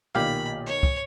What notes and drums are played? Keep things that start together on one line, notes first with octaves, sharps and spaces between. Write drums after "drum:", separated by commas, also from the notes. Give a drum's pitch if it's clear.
B1 A#2 D#3 G4 F5 B5
C#5
drum: kick